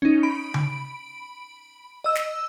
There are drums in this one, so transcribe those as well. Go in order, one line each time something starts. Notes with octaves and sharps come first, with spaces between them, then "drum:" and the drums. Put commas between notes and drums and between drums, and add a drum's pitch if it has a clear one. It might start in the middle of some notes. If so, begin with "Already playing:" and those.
C#4 D#4
B5 D7
drum: tom C#3
D#5 E6
drum: snare